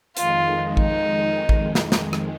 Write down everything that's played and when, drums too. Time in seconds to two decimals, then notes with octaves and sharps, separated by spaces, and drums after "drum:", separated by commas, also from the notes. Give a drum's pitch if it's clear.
0.17 F2 D#3 G#3 F4, drum: hi-hat
0.77 D#4, drum: kick A1
1.49 drum: kick A1
1.75 drum: snare
1.92 drum: snare
2.13 drum: rim click